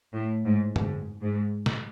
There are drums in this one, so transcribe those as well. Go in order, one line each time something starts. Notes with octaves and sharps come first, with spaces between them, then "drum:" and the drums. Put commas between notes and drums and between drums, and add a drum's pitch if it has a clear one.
A2
G#2
G#2, drum: tom F#2
G#2
drum: snare